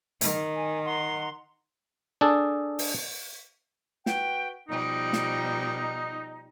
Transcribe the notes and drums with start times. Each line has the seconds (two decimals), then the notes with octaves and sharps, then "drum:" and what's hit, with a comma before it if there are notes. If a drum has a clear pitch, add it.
0.21 D#3, drum: hi-hat
0.55 G#5
0.85 F#5 A#5 C6
2.21 D4 G#4 A4
2.79 drum: open hi-hat
4.06 F#4 B4 G5, drum: snare
4.68 B2 F3 G3 D#4
5.13 drum: snare